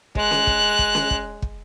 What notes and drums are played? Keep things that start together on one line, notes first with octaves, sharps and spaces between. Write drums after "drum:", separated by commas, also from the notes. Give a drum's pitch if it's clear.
G#3 F#6, drum: kick
drum: snare C#4
drum: kick
drum: kick
drum: snare C#4
drum: kick
drum: kick